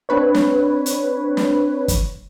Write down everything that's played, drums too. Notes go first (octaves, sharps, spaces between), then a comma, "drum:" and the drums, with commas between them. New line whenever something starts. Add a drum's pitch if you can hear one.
C4 D4 B4 C#5
drum: snare
drum: hi-hat
drum: snare
drum: kick, hi-hat